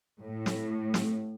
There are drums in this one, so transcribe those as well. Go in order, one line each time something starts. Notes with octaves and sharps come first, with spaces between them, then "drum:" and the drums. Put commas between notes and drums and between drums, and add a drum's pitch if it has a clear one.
A2
drum: snare
drum: snare